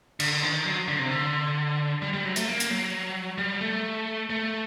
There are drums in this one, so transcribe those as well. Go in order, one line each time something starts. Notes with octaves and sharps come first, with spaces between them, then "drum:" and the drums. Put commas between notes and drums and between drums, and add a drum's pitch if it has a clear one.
D3, drum: cymbal
D#3
F#3
D3
C3
D3
G3
G3
F#3
A3, drum: hi-hat
A#3
drum: hi-hat
F#3
G3
A3
A3